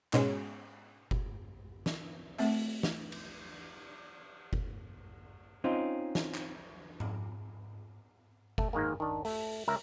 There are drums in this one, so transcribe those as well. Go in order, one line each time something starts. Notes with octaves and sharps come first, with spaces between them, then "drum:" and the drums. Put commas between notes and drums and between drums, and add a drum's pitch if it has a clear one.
G#2 B2 G#3 C#4, drum: clap
drum: kick F#1
drum: snare
A3 C4 E5, drum: open hi-hat
drum: snare
drum: cymbal
drum: kick F#1
C4 C#4 D#4 F4
drum: snare
drum: clap
drum: tom G#2
A3, drum: kick F#1
G#2 D#3 G#3 A#3
D#3 D4
A3, drum: open hi-hat
C#2 A#4 E5